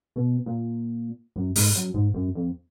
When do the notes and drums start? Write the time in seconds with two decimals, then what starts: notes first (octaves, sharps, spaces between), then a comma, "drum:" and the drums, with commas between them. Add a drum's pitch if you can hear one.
0.16 B2
0.46 A#2
1.36 F#2
1.56 G#2, drum: open hi-hat
1.75 F#2
1.94 G#2
2.14 F#2
2.35 F2